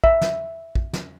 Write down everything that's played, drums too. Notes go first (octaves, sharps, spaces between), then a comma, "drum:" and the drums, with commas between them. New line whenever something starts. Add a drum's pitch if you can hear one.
E5, drum: kick
drum: snare
drum: kick
drum: snare